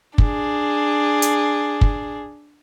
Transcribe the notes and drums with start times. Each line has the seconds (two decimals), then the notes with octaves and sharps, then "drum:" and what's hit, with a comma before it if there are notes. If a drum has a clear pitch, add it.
0.18 D4 G#4, drum: kick
1.22 drum: hi-hat
1.81 drum: kick